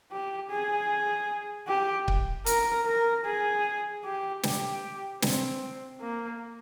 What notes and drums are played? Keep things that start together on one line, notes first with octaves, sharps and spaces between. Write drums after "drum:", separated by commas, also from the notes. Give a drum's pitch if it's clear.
G4
G#4
G4
drum: kick C#1
A#4, drum: hi-hat
A#4
G#4
G4
G4, drum: snare
C4, drum: snare
A#3